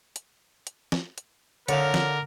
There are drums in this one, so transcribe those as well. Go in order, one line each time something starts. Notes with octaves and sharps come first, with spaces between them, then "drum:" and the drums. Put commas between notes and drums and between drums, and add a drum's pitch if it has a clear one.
drum: hi-hat
drum: hi-hat
drum: snare
drum: hi-hat
D3 A#4 C#5 F5, drum: hi-hat
drum: snare